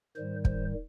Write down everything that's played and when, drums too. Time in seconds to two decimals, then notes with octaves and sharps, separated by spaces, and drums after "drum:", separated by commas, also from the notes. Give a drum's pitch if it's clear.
0.16 G#2 D#3 G3 C5
0.45 C5, drum: kick